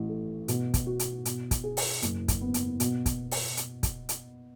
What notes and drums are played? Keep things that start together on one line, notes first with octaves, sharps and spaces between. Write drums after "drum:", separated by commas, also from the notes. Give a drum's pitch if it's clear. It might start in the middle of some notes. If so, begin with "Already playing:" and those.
Already playing: A1
A3
B2, drum: hi-hat
drum: kick, hi-hat
F#4
drum: hi-hat
B2, drum: hi-hat
drum: kick, hi-hat
G#4
drum: open hi-hat
F#1, drum: hi-hat
drum: kick, hi-hat
B3
drum: hi-hat
B2, drum: hi-hat
drum: kick, hi-hat
drum: open hi-hat
drum: hi-hat
drum: kick, hi-hat
drum: hi-hat